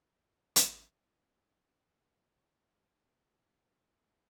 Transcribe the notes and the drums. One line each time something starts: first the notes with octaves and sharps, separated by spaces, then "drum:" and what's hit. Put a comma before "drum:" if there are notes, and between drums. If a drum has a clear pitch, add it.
C3 G3 A#3 D#4
drum: hi-hat
G2 D#3 F#3 A3
F#2 D3 F#3 A#3